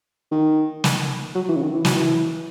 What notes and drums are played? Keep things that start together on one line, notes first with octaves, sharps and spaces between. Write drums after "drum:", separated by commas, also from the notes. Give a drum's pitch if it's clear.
D#3
drum: snare
F#3
E3
C#3
D#3
E3
F#3, drum: snare
E3